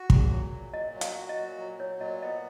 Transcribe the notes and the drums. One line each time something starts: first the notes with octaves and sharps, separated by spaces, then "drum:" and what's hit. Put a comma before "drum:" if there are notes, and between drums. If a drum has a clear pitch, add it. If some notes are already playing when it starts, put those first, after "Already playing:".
Already playing: F#4
A#2, drum: kick
G#4
F#3
A#2
A#2 D#5
F#3
F5, drum: hi-hat
F#4
D#5
A#2
F#3
F#3 C#5
A#2 D#5
B3 D#5